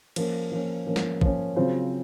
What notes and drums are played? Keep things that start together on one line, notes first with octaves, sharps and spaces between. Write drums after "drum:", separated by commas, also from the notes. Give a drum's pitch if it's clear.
F3 A#3 C#4, drum: cymbal
F3 A#3 C#4
F3 A#3 C#4
drum: snare
F3 A#3 C#4, drum: kick
C#3 F#3 C4 F4 C5